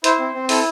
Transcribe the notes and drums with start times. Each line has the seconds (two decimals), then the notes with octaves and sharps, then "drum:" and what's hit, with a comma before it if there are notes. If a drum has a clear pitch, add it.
0.04 E4 C5, drum: hi-hat
0.19 C4
0.34 C4
0.49 E4 A4, drum: open hi-hat